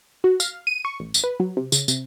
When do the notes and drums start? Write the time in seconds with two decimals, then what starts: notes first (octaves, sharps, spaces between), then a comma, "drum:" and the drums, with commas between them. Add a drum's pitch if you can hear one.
0.24 F#4
0.40 F5, drum: tambourine
0.67 D#7
0.85 C#6
1.00 A1
1.14 drum: tambourine
1.24 B4
1.40 F#3
1.57 C3
1.72 C#3, drum: tambourine
1.88 C3, drum: tambourine